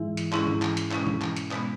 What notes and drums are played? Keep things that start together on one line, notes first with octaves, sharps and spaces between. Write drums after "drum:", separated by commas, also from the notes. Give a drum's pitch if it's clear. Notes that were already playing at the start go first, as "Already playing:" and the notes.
Already playing: G#2 E3 G#3 E4
drum: hi-hat
G#2 G#3 C#4 E4, drum: clap
drum: tom E3
drum: clap
drum: hi-hat
B2 G#3 C#4 E4, drum: clap
drum: tom E3
drum: clap
drum: hi-hat
B2 G#3 B3, drum: clap